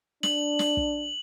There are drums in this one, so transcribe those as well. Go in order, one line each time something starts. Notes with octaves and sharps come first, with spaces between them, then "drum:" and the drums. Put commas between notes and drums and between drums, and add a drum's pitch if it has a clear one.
D4 F#7, drum: snare
drum: snare
drum: kick